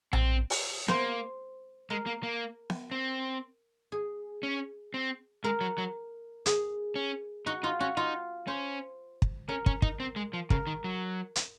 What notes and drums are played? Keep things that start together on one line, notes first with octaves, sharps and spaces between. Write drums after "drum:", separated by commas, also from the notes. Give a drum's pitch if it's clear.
C4, drum: tom A#1
drum: open hi-hat
A#3 C5, drum: snare B3
G#3 A#4
A#3
A#3
drum: snare B3
C4
G#4
C#4
C4
G#3 A#4
F#3
F#3
G#4, drum: hi-hat
C#4
D#4 F#4
D#4 F4
C#4 F#4
D#4 F4
C#4 C5
drum: kick
C#4 A#4
C#4, drum: kick
D#4, drum: kick
C4
G#3
F3
C#3 A#4, drum: kick
D#3
F#3
drum: hi-hat